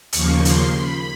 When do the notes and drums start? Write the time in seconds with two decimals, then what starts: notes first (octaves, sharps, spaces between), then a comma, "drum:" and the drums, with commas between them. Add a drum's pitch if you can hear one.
0.13 D#2 C#3 F3 A#3 C#6, drum: hi-hat
0.45 C6, drum: hi-hat
0.75 B5